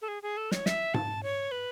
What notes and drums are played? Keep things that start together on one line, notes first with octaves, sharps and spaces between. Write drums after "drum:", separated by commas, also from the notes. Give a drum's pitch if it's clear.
A4
G#4
G#4
A4
C#5, drum: snare
E5, drum: snare
A5, drum: tom G#2
C#5
B4